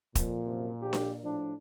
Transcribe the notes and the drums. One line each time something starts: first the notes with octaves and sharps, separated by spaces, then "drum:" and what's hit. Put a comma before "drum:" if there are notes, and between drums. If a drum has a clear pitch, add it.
F2 A#2, drum: kick, hi-hat
F#2 C3 F3
A#1 G4
drum: snare D4
A2 F3 D4